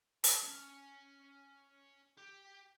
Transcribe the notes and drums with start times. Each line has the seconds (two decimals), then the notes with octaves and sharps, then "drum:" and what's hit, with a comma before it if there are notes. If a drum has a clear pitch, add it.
0.24 A5, drum: open hi-hat
0.43 C#4
2.17 G4